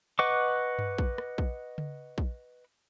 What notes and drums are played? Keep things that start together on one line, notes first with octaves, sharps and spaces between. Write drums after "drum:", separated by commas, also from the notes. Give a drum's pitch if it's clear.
B4 D#5 F#5 C#6 D6
drum: tom G2
drum: kick A#1
drum: rim click
drum: kick A#1
drum: tom C#3
drum: kick A#1